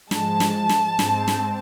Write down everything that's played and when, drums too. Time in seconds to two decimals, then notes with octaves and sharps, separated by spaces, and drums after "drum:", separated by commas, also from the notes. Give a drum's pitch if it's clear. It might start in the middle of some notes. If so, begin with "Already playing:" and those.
0.11 G#2 F3 G#3 A5, drum: snare
0.40 drum: snare
0.69 drum: snare
0.99 G#2 G#3 C4, drum: snare
1.28 drum: snare